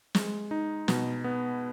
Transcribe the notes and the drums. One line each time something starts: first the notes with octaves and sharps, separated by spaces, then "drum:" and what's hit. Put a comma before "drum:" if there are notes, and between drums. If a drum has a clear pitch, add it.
G#3, drum: snare
D#4
B2, drum: snare
B3